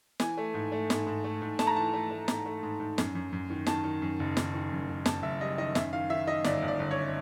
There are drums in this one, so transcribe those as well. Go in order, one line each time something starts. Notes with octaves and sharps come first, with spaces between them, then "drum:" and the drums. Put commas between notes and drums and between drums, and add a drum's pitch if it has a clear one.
E3 G#5, drum: snare
A3
G#2
A3
G#2, drum: snare
G#2
A3
G#2
A3 A5, drum: snare
A#5
E3 A5
A3
A3
G#2, drum: snare
A3
G#2
G#2
F#2, drum: snare
F#2
F#2
D#3
D#3 A5, drum: snare
D#3
F#2
F#1
D#3, drum: snare
D#3
F#2
F#1
F#1 A5, drum: snare
F#1 E5
G3 D#5
D#3 D#5
F#2 E5, drum: snare
D#3 F5
D#3 E5
D#3 D#5
G1 D5, drum: snare
G1
D5
G1
C#5